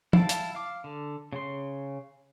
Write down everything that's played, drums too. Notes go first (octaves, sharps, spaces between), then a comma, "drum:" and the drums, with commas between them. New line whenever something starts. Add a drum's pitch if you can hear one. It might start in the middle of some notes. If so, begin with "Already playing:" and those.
E4 F5 G5 A5, drum: tom
drum: hi-hat
F5 D6
D3
C#3 C6